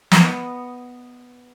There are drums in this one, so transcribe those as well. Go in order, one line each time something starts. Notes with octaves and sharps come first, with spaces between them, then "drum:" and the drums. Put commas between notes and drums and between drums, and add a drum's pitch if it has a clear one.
B3 D#5, drum: snare